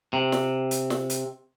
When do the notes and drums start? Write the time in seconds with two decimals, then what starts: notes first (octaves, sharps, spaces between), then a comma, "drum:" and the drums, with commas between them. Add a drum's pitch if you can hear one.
0.13 C3
0.32 drum: snare
0.71 drum: hi-hat
0.90 drum: snare
1.10 drum: hi-hat